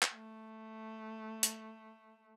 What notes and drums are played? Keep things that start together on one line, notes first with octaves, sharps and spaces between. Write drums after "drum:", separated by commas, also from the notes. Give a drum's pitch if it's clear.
drum: clap
A3
drum: hi-hat